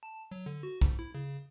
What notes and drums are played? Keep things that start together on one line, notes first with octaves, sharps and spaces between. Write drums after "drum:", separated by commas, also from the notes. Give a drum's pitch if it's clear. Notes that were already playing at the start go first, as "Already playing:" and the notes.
A5
F#3
D3
F#4
G#2, drum: kick
E4
C#3